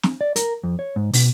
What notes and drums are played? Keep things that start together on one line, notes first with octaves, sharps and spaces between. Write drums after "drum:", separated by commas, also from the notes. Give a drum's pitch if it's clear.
drum: snare
D5
A#4, drum: hi-hat
F2
C#5
G#2
B2, drum: open hi-hat